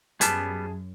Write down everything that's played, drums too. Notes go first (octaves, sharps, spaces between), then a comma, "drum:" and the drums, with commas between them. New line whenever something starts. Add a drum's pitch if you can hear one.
F#2 G3 B3 G#4 A5, drum: hi-hat